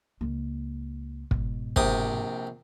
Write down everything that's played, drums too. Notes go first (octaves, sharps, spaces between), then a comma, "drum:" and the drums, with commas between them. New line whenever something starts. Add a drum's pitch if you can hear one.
C#2 A#3
G#2 B2, drum: kick
A#1 C3 D#6, drum: kick